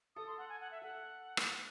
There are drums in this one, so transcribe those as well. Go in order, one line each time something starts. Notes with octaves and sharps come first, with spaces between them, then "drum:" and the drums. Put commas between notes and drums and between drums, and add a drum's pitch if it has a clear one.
A4 D#6
C6
F#5
G#5
F#5
E5
A4 F#5
drum: rim click